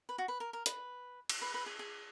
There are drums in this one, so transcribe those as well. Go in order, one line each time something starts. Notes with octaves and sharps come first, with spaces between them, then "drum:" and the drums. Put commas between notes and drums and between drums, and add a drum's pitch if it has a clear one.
B4
F#4
B4
A#4
A#4
B4, drum: hi-hat
drum: cymbal
B4
B4
G#4
G#4